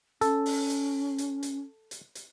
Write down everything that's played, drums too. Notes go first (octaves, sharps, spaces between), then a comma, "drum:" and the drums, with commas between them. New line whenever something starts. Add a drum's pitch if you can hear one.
C#4 A4, drum: hi-hat
drum: open hi-hat
drum: hi-hat
drum: hi-hat
drum: hi-hat
drum: hi-hat
drum: hi-hat